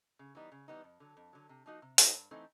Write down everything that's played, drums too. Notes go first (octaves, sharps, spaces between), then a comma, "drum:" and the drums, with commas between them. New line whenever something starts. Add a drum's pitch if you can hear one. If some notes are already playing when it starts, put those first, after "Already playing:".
C#3
E3 G3 B3 D#4
C#3
E3 G3 B3 D#4
F2
D3 F#3
F2
D3 F#3
C3
F3 A#3 D#4 F#4
C3
F3 A#3 D#4 F#4, drum: open hi-hat
G2
E3 A3 C4 D#4